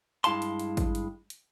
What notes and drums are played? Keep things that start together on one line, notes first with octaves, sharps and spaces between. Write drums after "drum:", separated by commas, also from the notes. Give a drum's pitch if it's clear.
G2 G#3 E4 F5 A5 C6, drum: hi-hat
drum: hi-hat
drum: hi-hat
drum: kick, hi-hat
drum: hi-hat
drum: hi-hat